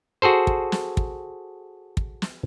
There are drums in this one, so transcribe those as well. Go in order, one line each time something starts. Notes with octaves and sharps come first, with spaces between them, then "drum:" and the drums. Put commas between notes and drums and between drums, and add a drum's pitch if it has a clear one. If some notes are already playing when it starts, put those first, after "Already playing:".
F#4 G#4 A4 C5
drum: kick
drum: snare
drum: kick
drum: kick
drum: snare